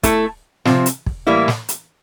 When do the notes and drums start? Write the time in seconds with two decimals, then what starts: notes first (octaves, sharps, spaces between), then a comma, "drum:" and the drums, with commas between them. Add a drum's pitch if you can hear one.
0.03 A3 E4 A4, drum: kick, hi-hat
0.65 C3 F3 C4, drum: snare
0.86 drum: hi-hat
1.06 drum: kick
1.27 A2 E3 G3 A#3 E4
1.48 drum: snare
1.69 drum: hi-hat